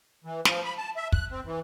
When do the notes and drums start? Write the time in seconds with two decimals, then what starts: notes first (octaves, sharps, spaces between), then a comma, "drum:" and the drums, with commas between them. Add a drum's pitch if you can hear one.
0.24 E3
0.45 F3, drum: snare
0.65 B5
0.78 A5
0.97 E5
1.12 F#6, drum: kick
1.31 C4
1.45 E3